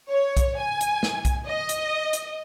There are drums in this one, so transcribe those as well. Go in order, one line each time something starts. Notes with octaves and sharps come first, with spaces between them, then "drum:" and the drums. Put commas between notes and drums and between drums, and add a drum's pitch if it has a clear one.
C#5
drum: kick B1, hi-hat
G#5
drum: hi-hat
drum: snare
drum: kick B1, hi-hat
D#5
drum: hi-hat
drum: hi-hat